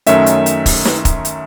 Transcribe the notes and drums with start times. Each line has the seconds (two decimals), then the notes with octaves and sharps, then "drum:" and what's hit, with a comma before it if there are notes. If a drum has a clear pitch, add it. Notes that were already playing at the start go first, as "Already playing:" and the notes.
0.06 F#2 D#3 A3 C#4 E5, drum: hi-hat
0.26 drum: hi-hat
0.46 drum: hi-hat
0.66 drum: kick, open hi-hat
0.85 drum: snare
1.05 drum: kick, hi-hat
1.25 drum: hi-hat